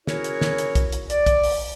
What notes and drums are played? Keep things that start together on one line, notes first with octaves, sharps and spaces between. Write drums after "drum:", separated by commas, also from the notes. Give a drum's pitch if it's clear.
C#4 E4 F#4 G#4 A#4 C#5, drum: snare
drum: hi-hat
drum: snare
drum: hi-hat
drum: kick B1, hi-hat
drum: hi-hat
D5, drum: hi-hat
drum: kick B1, hi-hat
drum: open hi-hat